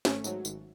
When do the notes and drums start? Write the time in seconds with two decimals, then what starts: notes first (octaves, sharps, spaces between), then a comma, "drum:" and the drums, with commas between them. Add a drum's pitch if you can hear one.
0.05 G#1 A3 C#4, drum: snare
0.24 G#2 F#3, drum: tambourine
0.45 G#1, drum: tambourine